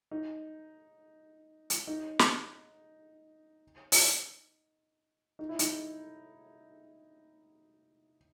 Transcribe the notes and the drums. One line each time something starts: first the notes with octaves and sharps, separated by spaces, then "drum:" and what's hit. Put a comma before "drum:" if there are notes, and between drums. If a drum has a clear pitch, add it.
D#4
drum: hi-hat
D#4
drum: snare
drum: open hi-hat
D#4
E4
D#4, drum: hi-hat